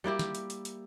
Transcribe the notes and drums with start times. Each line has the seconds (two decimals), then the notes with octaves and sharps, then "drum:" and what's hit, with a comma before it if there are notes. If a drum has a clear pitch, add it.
0.04 G3 A#3 E4 G4
0.19 drum: snare
0.35 drum: hi-hat
0.50 drum: hi-hat
0.65 drum: hi-hat